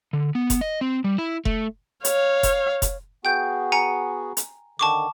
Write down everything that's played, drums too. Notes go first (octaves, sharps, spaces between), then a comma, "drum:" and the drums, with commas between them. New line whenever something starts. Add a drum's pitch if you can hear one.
D3
B3
drum: kick F1, hi-hat
D#5
C4
G3
E4
A3, drum: kick F1
C#5 F5, drum: hi-hat
drum: kick F1, hi-hat
drum: kick F1, hi-hat
B3 F#4 G#4 G5 G6
G#5 A#5 C#7
drum: hi-hat
D3 D#3 A5 C#6 D6